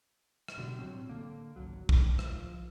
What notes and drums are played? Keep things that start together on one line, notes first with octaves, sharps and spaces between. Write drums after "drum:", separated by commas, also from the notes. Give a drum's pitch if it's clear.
drum: rim click
B2 D3 F#3 G3
A2 F#3 C4
D3 A#3
G#1 C#2 F#3
G#2 D3 D#3, drum: kick
F3, drum: rim click